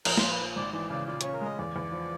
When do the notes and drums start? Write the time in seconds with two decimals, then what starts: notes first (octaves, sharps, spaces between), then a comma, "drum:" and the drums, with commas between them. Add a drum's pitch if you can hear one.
0.05 A#1 A#4, drum: cymbal
0.18 C5, drum: snare
0.23 A#3
0.31 B4
0.40 F3
0.56 G#1 D5
0.73 E3 D5
0.90 C#3 D5
1.08 A#2 D5
1.21 C#4 C#5, drum: hi-hat
1.33 A#4
1.41 G#3 D#5
1.58 E2 D5
1.76 E2
1.92 F3